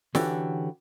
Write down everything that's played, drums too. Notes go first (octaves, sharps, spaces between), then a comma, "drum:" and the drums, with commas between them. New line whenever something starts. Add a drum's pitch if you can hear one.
D3 E3 C#4 F#4 G4 A4, drum: snare